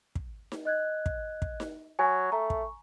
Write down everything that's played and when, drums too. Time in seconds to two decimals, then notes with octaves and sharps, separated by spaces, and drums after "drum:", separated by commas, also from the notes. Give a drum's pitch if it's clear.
0.15 drum: kick
0.52 drum: snare D#4
0.65 D#5 F#6 G#6
1.06 drum: kick
1.42 drum: kick
1.60 drum: snare D#4
1.99 F#3 G#5 C#6
2.32 A3 A#5
2.50 drum: kick